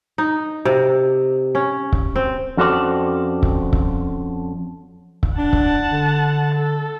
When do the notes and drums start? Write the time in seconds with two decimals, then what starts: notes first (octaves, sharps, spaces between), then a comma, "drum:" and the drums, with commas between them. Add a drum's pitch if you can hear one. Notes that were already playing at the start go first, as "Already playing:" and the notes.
0.18 D#4
0.65 C3
1.55 C#4
1.93 drum: kick C#1
2.16 C4
2.57 F2 C#4 F#4 A4 C5 D5
3.43 drum: kick C#1
3.73 drum: kick C#1
5.23 drum: kick C#1
5.38 D4 F#5 A5
5.53 drum: kick C#1
5.92 D3
6.55 A4